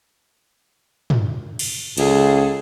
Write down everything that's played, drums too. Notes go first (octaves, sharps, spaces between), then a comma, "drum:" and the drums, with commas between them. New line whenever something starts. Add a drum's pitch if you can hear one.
drum: tom
drum: cymbal
C#2 G#4 A4, drum: cymbal